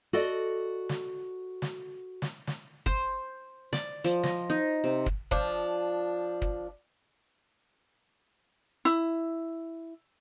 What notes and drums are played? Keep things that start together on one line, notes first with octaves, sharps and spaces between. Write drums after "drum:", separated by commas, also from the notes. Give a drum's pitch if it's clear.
F#4 A4 D5 D#5
drum: snare
drum: snare
drum: snare
drum: snare
C5, drum: kick
D5, drum: snare
F3, drum: hi-hat
D#5, drum: snare
D#4
C3
drum: kick
F3 D4, drum: kick
drum: kick
E4